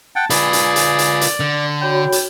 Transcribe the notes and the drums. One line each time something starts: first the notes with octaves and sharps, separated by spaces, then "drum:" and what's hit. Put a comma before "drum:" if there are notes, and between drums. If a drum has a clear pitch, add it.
F#5 G5 A5
F4 G#4 B4 D5, drum: hi-hat
drum: hi-hat
drum: hi-hat
drum: hi-hat
drum: hi-hat
D3
F#4 C#5 G5 B5
drum: hi-hat